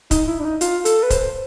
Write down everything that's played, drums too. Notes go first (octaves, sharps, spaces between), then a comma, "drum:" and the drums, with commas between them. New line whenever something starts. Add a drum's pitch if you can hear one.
D#4, drum: kick C#1, hi-hat
E4
D4
D#4
F4, drum: hi-hat
A4, drum: hi-hat
B4
C5, drum: kick C#1, hi-hat